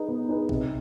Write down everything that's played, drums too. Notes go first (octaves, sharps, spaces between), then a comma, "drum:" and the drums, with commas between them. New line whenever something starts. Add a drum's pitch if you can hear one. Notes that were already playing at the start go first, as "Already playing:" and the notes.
Already playing: D#4 G#4 B4
B3
D#4 G#4 B4
C3, drum: kick A#1